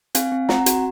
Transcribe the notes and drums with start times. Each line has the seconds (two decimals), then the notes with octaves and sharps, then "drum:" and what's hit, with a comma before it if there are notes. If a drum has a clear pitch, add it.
0.15 C4 F5 G#5, drum: hi-hat
0.32 C4
0.49 C4 F#5 A#5, drum: snare
0.66 F#4, drum: hi-hat